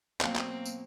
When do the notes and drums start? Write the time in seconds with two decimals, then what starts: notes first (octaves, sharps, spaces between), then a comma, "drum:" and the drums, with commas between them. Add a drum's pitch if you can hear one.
0.21 B2 F#3 A#3 C4 F5, drum: clap
0.36 drum: clap
0.65 drum: tambourine